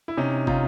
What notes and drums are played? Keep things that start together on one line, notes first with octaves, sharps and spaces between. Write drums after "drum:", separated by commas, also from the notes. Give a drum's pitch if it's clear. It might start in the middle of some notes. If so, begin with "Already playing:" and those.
E4
C3 C#4 D#4
C3 D#4 F4, drum: kick